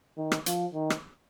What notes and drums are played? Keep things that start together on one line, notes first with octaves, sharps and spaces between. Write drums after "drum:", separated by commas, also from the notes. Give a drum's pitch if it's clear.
D#3
drum: rim click
F3, drum: hi-hat
D#3
drum: rim click